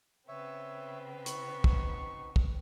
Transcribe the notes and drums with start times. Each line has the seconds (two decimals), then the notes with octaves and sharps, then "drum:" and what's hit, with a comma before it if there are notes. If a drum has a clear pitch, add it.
0.28 C#3 B3 C4 C#5 E5
1.26 E4 C#6, drum: hi-hat
1.64 D#4 F#4, drum: kick
2.36 drum: kick